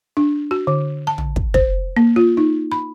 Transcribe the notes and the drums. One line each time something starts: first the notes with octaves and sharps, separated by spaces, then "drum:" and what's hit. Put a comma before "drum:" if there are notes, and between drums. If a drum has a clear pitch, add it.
D4
F#4
D3
A5
drum: tom
drum: kick
C5, drum: kick
A#3
F4
D#4
B5